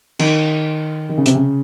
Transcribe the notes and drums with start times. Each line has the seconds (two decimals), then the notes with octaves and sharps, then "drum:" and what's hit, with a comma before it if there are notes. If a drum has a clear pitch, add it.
0.19 D#3, drum: cymbal
1.09 D#3
1.18 C#3
1.26 C3, drum: hi-hat
1.35 C#3